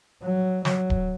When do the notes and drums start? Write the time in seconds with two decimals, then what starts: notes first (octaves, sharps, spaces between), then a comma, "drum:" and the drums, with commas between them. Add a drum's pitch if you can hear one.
0.23 F#3
0.65 F#3, drum: snare
0.90 drum: kick D1